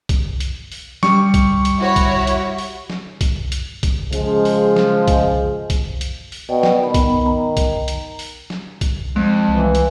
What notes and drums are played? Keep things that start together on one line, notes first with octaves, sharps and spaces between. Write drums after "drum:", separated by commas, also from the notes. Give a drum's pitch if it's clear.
drum: kick B1, hi-hat
drum: hi-hat
drum: open hi-hat
G3 C#6, drum: snare
drum: kick B1, hi-hat
drum: hi-hat
E4 F#4 C#5
drum: kick B1, hi-hat
drum: hi-hat
drum: open hi-hat
drum: snare
drum: kick B1, hi-hat
drum: hi-hat
drum: kick B1, hi-hat
C#3 F3 G#3, drum: hi-hat
drum: open hi-hat
drum: snare
drum: kick B1, hi-hat
drum: kick B1, hi-hat
drum: hi-hat
drum: open hi-hat
B2 D5 G5
drum: snare
D#3 B3 B5
drum: kick B1, hi-hat
A#5
drum: kick B1, hi-hat
drum: hi-hat
drum: open hi-hat
drum: snare
drum: kick B1, hi-hat
F2 G#3
C2 E3
drum: hi-hat